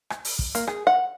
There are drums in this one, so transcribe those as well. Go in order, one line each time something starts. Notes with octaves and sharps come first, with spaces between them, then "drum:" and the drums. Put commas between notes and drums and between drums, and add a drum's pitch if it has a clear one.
drum: rim click
drum: open hi-hat
drum: kick
A#3, drum: hi-hat
G#4, drum: rim click
F#5